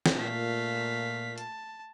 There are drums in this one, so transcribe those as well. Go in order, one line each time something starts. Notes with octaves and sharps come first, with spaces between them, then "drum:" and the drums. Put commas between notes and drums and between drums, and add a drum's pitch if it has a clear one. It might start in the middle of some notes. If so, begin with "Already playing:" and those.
drum: snare
A#2 A3 F5 B6
A5, drum: hi-hat